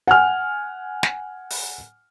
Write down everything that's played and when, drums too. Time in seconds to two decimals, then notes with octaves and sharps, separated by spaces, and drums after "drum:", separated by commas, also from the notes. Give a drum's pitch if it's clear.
0.07 F#5 G#5 F6
1.03 drum: snare
1.50 drum: open hi-hat